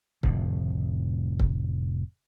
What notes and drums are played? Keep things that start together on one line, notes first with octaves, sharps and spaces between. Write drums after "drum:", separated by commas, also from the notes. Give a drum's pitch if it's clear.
F1 F2 A2 D3, drum: kick C#1
drum: kick C#1